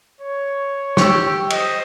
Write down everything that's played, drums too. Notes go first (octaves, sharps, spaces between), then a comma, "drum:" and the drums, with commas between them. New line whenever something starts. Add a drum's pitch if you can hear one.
C#5
G4 C#6 E6, drum: snare
C5 D#5, drum: cymbal